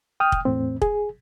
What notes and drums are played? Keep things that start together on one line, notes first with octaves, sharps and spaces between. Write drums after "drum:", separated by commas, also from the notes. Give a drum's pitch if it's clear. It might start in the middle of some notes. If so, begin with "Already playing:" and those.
G5 D#6 F6
drum: kick
E2 A2 C4
G#4, drum: kick